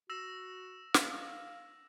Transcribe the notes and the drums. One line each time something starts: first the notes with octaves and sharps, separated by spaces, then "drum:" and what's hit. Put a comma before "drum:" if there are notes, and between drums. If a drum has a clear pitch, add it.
F#4 E6 A#6 E7
F5, drum: snare